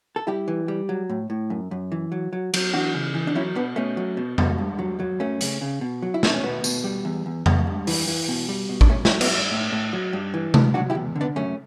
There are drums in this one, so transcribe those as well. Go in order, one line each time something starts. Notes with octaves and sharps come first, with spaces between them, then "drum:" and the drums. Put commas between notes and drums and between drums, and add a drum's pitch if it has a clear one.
A4
G3 E4 G4
E3
G3
F#3
A2
A2
F#2
F#2
E3
F#3
F#3
F#3, drum: cymbal
E3 D4 F#4
C#3
E3
D4
F#3 C#4 E4
B2 B3 D4
B2 A3 C#4
F#3
B2
B2, drum: tom F2
G2
F#3
F#3
F#2 A3 C#4
C#3, drum: hi-hat
C#3
B2
F#3
E4
B2 D4, drum: snare
C#4
B2 B3
B2, drum: tambourine
G3
E2
E2
E2, drum: tom F2
G2
E3, drum: open hi-hat
E3
B2
G3
B2
D4, drum: kick A1
G2 A3 C#4
A3 C#4, drum: snare
F#3
B3, drum: cymbal
G2
A2
A2
F#3
G2
E3
G2, drum: tom C3
F#3 D4 F#4
E4 G4
E2
D3
B3 D4
F#2 A3 C#4